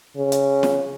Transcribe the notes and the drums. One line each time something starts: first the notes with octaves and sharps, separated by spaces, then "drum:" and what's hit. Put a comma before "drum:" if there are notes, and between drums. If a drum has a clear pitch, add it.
C#3
drum: hi-hat
drum: snare